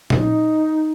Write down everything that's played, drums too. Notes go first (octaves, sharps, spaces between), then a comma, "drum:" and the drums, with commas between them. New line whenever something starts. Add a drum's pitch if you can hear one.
D#4, drum: tom A#2